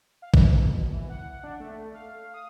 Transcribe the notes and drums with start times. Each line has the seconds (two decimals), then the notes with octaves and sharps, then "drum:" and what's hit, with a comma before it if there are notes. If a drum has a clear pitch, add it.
0.22 F5
0.34 A#2, drum: kick A1
0.63 B2
0.91 E3
1.10 F#5
1.44 D4
1.60 A3
1.94 F5
2.34 D#6